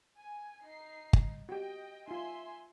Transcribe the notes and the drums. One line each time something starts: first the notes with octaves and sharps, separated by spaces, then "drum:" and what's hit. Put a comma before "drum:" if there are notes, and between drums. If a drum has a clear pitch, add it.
G#5
D#4 C7
drum: kick G1
F#4 G4 D#5 G5
D#4 F4 E5 G#5 C6